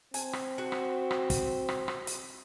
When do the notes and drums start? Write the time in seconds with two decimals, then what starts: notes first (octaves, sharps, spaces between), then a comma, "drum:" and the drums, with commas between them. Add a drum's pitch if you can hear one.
0.14 C4 G#5, drum: hi-hat
0.33 drum: rim click
0.58 F#4
0.72 drum: rim click
1.11 drum: rim click
1.30 drum: kick, hi-hat
1.69 drum: rim click
1.88 drum: rim click
2.07 drum: hi-hat